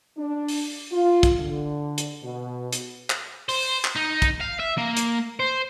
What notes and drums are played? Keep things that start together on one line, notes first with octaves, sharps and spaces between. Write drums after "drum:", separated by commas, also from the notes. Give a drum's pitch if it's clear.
D4
drum: open hi-hat
F4
drum: kick, hi-hat
D3
drum: hi-hat
B2
drum: hi-hat
drum: clap
C5, drum: open hi-hat
drum: clap
D#4
drum: kick, hi-hat
F5
E5
A#3
drum: hi-hat
C5